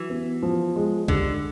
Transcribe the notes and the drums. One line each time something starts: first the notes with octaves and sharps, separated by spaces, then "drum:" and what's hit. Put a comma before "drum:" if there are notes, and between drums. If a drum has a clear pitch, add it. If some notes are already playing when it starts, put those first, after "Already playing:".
Already playing: E3 F#3
B3
F3
G#3
D3 G3, drum: kick